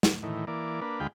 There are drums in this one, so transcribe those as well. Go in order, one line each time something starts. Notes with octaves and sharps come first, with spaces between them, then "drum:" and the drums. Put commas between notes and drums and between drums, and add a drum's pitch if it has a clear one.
drum: snare
A2 D#3 E3
E3 A#3 D5
A#3 D4 B4
D2 G#3 F4 G5 B5